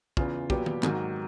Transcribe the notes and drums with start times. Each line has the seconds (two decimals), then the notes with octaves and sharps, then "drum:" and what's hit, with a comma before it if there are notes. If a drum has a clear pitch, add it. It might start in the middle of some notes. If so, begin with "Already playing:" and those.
0.17 E2 C#3 E3 F4, drum: kick
0.50 A#2 F#3 B3 G4, drum: kick
0.66 drum: tom
0.83 G#2 D#3 F#3 A#3, drum: clap